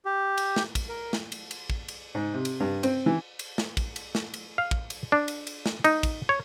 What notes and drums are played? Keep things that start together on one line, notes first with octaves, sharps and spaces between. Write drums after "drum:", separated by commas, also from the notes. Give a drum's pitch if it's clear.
G4
drum: cymbal
drum: snare
drum: kick, cymbal
A#4
drum: snare
drum: cymbal
drum: cymbal
drum: kick
drum: cymbal
G#2
C3
drum: cymbal
G2
C4, drum: cymbal
E3
drum: cymbal
drum: snare
drum: kick, cymbal
drum: cymbal
drum: snare
drum: cymbal
F5
drum: kick
drum: cymbal
D4
drum: cymbal
drum: cymbal
drum: snare
D#4, drum: cymbal
drum: kick, cymbal
C#5